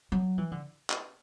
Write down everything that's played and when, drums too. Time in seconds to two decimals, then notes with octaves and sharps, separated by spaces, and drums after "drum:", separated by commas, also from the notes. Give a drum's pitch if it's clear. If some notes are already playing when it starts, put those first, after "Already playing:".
0.12 F#3
0.38 E3
0.51 D3
0.90 drum: clap